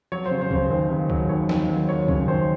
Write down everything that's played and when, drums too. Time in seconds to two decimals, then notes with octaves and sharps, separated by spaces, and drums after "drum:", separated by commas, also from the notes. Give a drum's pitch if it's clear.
0.12 F#3 C#5
0.26 C5
0.31 C#3
0.41 C5
0.51 C#3, drum: kick
0.56 C5
0.70 D#2
0.90 C#3
1.10 F#3, drum: kick
1.29 D#2 C#5
1.49 D#2, drum: snare
1.69 F#3
1.89 F#3 C#5
2.08 C#3 C#5, drum: kick
2.28 D#2 C5